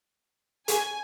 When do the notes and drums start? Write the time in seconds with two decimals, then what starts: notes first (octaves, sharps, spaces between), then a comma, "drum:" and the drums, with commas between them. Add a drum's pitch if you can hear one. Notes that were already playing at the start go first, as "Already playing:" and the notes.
0.68 G#5, drum: hi-hat